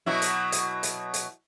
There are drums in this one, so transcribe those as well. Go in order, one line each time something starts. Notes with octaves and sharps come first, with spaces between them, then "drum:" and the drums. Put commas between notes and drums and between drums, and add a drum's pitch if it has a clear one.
B2 F#3 E4
drum: hi-hat
drum: hi-hat
drum: hi-hat
drum: hi-hat